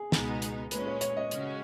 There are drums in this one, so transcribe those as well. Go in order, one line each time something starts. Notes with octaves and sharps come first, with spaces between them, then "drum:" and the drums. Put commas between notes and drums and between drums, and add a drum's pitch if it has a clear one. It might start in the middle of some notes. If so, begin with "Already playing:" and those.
Already playing: G#4
C#2 B2 G#3 B3 D#4, drum: snare
drum: hi-hat
A#2 G#3 C#4 B4, drum: hi-hat
C#5
C#5, drum: hi-hat
D#5
C#3 G#3 C#4 F#4, drum: hi-hat